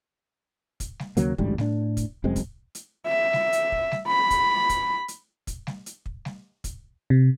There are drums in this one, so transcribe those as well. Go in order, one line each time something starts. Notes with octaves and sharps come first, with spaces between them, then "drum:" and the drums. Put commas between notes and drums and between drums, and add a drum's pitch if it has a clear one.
drum: kick, hi-hat
drum: snare G3
D#2 C#3 F#3 A#3, drum: hi-hat
A1 D2 G#2 G3, drum: kick
A2 D4, drum: snare G3
drum: kick, hi-hat
F1 F#2 G#3 C4
drum: kick, hi-hat
drum: hi-hat
E5
drum: snare G3
drum: hi-hat
drum: kick
drum: snare G3
B5
drum: kick, hi-hat
drum: kick, hi-hat
drum: hi-hat
drum: kick, hi-hat
drum: snare G3
drum: hi-hat
drum: kick
drum: snare G3
drum: kick, hi-hat
C3